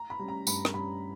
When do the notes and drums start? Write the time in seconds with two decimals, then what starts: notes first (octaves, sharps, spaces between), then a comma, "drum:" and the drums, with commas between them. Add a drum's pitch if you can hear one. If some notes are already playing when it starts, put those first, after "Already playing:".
Already playing: A#5
0.10 B5
0.19 G3 C#4
0.28 A#5
0.47 G2 B5, drum: tambourine
0.65 drum: rim click
0.74 G3 C#4 B5